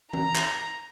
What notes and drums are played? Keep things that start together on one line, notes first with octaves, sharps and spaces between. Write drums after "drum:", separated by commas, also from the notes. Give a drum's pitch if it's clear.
A#5, drum: tom E3
drum: clap